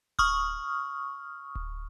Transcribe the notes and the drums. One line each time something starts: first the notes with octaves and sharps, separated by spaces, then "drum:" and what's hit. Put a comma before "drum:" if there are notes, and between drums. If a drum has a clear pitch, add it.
C#6 D#6 F6, drum: kick D1
drum: kick D1